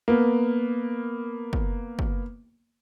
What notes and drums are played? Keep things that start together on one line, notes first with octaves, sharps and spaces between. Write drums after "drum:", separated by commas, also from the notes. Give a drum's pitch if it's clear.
A#3 B3
drum: kick
drum: kick